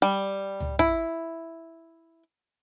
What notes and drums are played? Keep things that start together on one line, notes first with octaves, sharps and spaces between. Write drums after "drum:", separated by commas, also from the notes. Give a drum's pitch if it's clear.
G3
drum: tom C#2
E4, drum: kick